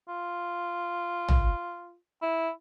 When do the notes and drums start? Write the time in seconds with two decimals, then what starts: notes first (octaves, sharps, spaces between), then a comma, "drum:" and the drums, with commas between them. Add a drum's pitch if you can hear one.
0.08 F4
1.28 drum: tom A1
2.22 E4